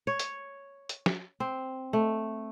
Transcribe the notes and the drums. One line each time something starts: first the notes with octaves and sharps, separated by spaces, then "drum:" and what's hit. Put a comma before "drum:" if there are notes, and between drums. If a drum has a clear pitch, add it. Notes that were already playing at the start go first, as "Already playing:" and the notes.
C#5
drum: hi-hat
drum: hi-hat
drum: snare
C4
A3